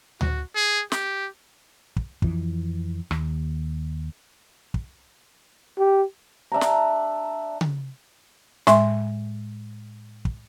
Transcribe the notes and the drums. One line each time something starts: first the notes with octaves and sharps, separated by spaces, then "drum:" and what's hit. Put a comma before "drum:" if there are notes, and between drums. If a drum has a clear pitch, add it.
F#4, drum: tom D2
G#4
G4, drum: snare
drum: kick
F2 E3, drum: kick
D#2, drum: rim click
drum: kick
G4
D4 E5 G5 A#5
drum: snare
drum: tom C#3
A2 G#3 E5 C6, drum: snare
drum: kick